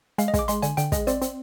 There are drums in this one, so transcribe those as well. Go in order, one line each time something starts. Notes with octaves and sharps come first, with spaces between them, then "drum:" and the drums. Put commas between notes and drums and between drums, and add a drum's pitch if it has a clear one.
G#3 F5, drum: hi-hat
D#5
G#3, drum: kick, hi-hat
D6
G#3 C6, drum: hi-hat
D3 G#5, drum: hi-hat
D3 G5, drum: hi-hat
G#3 D#5, drum: kick, hi-hat
C4 D5, drum: hi-hat
C4, drum: hi-hat